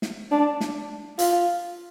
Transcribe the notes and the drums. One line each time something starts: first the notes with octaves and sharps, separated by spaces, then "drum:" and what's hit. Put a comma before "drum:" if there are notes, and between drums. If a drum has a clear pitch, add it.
drum: snare
D4
drum: snare
F4, drum: hi-hat